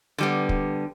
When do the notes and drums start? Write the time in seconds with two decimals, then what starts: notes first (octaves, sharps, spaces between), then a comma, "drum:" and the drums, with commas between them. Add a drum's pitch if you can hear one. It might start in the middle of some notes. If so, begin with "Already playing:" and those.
0.18 D3 G3 B3
0.49 drum: kick